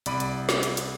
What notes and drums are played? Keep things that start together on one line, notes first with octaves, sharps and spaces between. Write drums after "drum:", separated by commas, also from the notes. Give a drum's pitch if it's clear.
C2 D5 B5 D7 D#7, drum: hi-hat
drum: hi-hat
drum: snare
drum: hi-hat
drum: hi-hat